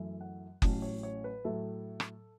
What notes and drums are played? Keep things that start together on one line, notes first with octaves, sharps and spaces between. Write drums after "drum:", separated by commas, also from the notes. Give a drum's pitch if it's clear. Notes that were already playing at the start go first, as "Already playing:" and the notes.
Already playing: F#2 E3 A3 E4
F#5
A1 A2 F#3 C#4 A5, drum: kick F#1
C#5
C#5
B4
A2 F#3 A3 E4 A4
drum: rim click